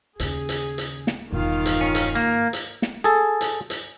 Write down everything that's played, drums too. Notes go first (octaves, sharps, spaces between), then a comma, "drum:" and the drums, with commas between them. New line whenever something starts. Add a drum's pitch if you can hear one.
D#2 C#3 G#4, drum: hi-hat
drum: hi-hat
drum: hi-hat
drum: snare
E1 G2 D#3 F4 F5
drum: hi-hat
C#4
drum: hi-hat
G#2 A#3
drum: hi-hat
drum: snare
G#4 A4
drum: hi-hat
drum: hi-hat